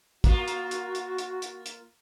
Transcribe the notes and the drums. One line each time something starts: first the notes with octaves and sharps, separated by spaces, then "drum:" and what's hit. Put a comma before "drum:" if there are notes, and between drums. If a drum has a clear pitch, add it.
A#3 F4 F#4, drum: kick, hi-hat
drum: hi-hat
drum: hi-hat
drum: hi-hat
drum: hi-hat
drum: hi-hat
drum: hi-hat